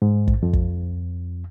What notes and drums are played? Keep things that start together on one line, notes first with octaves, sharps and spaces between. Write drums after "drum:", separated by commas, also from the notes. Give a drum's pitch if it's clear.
G#2
drum: kick
F2
drum: kick